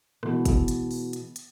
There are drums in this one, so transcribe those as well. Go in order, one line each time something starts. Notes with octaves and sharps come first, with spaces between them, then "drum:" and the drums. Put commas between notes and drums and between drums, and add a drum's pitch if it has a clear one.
B2 E3 G#3, drum: rim click
drum: kick, hi-hat
drum: hi-hat
drum: open hi-hat
drum: hi-hat
drum: hi-hat